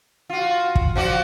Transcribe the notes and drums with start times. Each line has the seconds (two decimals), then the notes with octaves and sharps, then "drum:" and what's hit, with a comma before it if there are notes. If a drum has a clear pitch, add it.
0.30 F4 F#4
0.75 drum: kick
0.96 F3 F#4 D5